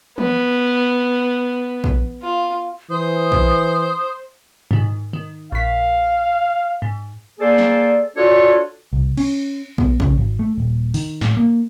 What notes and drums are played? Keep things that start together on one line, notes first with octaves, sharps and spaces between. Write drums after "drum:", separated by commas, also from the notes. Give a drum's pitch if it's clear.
B3, drum: tom
drum: kick
F4
E3 C5 D#6
drum: kick
G#2 D#3, drum: tom
D#3
A#1 F5 B6
G#2
A#3 G#4 A4 C5 D5
drum: snare
D4 F4 F#4 A4 C#5 D5
C2
C#4, drum: cymbal
B3, drum: kick
C#3, drum: kick
G#1
A3
D#1
D#3, drum: open hi-hat
A2, drum: snare
A#3